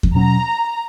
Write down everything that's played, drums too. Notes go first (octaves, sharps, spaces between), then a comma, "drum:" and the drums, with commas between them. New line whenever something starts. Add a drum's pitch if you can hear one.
drum: kick E2
B2 F#3 C#4 A#5